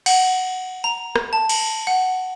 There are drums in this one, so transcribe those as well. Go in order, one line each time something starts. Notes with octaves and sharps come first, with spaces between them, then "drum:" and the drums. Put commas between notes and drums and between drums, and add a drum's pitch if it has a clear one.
F#5, drum: cymbal
A#5
drum: rim click
A5
drum: cymbal
F#5